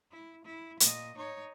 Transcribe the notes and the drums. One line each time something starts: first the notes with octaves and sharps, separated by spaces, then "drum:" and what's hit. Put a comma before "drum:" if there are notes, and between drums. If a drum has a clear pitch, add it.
E4
E4
A#2 D#5, drum: hi-hat
D#4 C#5